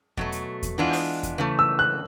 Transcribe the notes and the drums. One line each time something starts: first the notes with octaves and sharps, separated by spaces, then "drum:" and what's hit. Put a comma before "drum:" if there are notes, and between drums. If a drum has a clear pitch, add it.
B2 F#3 A3, drum: kick E2
drum: hi-hat
drum: kick E2, hi-hat
E3 G#3 B3 D4 F4
drum: open hi-hat
drum: kick E2, hi-hat
C#3 E3 A3
E6
F#6